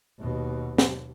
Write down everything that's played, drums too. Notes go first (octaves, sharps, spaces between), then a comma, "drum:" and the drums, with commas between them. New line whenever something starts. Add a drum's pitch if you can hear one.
D#2 B2
drum: snare